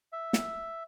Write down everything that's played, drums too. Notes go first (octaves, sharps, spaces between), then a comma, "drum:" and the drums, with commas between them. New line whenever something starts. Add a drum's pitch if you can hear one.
E5
drum: snare